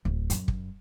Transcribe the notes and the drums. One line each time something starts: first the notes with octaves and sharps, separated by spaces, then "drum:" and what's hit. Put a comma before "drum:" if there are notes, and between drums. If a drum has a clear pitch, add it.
D1
F#2, drum: hi-hat
drum: kick